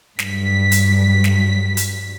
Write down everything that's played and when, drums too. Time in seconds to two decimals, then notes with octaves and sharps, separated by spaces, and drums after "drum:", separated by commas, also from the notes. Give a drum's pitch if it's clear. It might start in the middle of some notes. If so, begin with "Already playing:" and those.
0.19 G2 F#3 B6, drum: snare
0.72 drum: hi-hat
1.24 drum: snare
1.77 drum: hi-hat